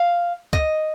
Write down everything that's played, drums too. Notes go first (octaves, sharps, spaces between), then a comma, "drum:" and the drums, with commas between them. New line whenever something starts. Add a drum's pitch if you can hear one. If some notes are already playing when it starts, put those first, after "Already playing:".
Already playing: F5
D#5, drum: kick C#2